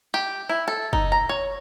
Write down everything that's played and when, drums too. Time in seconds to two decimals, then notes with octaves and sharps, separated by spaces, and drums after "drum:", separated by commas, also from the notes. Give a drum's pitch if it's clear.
0.14 G4
0.49 E4
0.68 A4
0.93 D#4, drum: kick
1.12 A#5
1.29 C#5